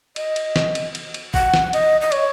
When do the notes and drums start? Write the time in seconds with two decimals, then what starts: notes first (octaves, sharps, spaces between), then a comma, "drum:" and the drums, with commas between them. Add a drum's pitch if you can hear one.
0.16 D#5, drum: cymbal
0.36 drum: cymbal
0.56 drum: snare
0.75 drum: cymbal
0.95 drum: cymbal
1.14 drum: cymbal
1.34 F#5, drum: kick A1
1.54 drum: snare
1.73 D#5, drum: cymbal
2.01 D#5
2.12 C#5, drum: cymbal